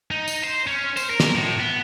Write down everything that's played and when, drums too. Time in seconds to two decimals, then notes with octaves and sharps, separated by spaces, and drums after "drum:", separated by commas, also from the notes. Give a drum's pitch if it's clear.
0.11 D#4
0.28 drum: tambourine
0.44 C5
0.67 C#4
0.97 C5, drum: tambourine
1.10 A#4
1.20 drum: snare
1.35 A2
1.60 B3